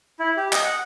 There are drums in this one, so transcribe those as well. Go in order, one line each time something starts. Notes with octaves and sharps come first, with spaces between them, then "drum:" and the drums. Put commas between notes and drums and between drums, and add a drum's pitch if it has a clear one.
E4
G4
D#5, drum: clap
F#5